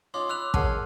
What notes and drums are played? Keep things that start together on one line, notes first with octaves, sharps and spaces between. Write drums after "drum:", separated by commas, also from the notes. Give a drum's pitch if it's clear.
C#4 D#4 F4 C6 D6
B5 E6 F#6 F7
G#3 A#4 C#5 F#5 A5 F6, drum: kick